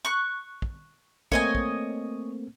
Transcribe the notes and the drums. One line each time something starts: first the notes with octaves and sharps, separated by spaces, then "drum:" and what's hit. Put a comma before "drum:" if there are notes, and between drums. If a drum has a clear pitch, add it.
C#6 F#6
drum: kick
A3 A#3 C4 C#5 D#5 G#5, drum: kick
drum: kick